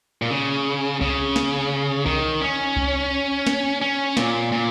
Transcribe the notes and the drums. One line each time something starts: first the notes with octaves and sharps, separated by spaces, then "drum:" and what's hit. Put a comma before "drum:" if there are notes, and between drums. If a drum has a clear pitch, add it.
A#2
C#3
C#3, drum: kick C2
drum: snare
D#3, drum: kick C2
C#4
drum: kick C2
drum: snare
C#4
A#2, drum: snare
A#2